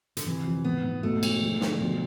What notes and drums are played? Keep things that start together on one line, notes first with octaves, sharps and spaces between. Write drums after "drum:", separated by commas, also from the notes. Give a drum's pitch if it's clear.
D3, drum: hi-hat
C3 E3
F2
G#2 B3
G#2
B2 A3
G#3, drum: cymbal
F3
D3, drum: snare
B2 F3